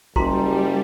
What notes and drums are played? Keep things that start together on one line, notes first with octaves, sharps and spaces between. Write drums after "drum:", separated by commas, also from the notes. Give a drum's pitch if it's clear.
F#1 G3 F#4 A#5 C6, drum: kick A#1